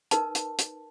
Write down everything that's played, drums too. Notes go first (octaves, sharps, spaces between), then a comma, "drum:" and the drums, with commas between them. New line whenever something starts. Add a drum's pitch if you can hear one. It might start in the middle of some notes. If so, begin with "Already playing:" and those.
D#4 A#4 B4 A5, drum: hi-hat
drum: hi-hat
drum: hi-hat